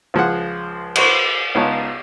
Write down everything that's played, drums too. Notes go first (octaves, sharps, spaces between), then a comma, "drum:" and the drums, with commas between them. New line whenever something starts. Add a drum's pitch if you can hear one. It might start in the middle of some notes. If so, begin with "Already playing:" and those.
C#2 F3 G#4 F#5
F#4 B4 C5 C#6, drum: cymbal
C#2 B3 D#4 F4 C#5 A5